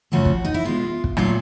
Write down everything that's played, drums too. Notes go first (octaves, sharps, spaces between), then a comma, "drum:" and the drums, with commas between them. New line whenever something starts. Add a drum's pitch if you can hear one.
F#2 C#3 F3 A3 F#4
drum: kick
D#4
E4
B2 G#3 F4
drum: kick
A#2 F#3 A3 F4, drum: rim click